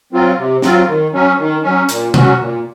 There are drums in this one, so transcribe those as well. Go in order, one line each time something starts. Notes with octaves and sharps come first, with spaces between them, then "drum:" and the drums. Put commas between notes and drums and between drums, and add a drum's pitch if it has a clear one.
F#3 C4 F4
C3
F#3 C4 F4, drum: snare
D#3
F#3 C#4
D#3
F#3 C#4
A#2, drum: hi-hat
F#3 C#4 F#4, drum: tom B2
A#2